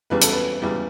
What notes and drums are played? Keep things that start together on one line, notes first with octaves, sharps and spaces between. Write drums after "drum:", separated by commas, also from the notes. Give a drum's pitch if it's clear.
E2 C#3 E3 G3 B4
A4, drum: hi-hat
B4
E2 C#3 E3 G3